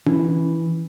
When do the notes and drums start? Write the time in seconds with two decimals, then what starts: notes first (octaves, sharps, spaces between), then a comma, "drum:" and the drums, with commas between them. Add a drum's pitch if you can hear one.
0.06 E3, drum: tom C#4